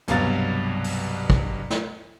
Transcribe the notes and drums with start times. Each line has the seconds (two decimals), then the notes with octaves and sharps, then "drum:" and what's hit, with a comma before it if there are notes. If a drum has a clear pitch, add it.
0.08 C2 G2 B2 F#3 F5 A6, drum: hi-hat
0.84 drum: open hi-hat
1.30 drum: kick
1.70 drum: snare